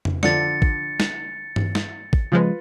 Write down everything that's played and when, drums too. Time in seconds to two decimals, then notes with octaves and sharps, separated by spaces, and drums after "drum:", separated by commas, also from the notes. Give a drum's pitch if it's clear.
0.05 drum: tom F2
0.23 D3 F3 D4 A6 C#7, drum: snare
0.62 drum: kick G#1
1.00 drum: snare
1.56 drum: tom G2
1.75 drum: snare
2.13 drum: kick G#1
2.32 C#3 F3 G#3 F4 B4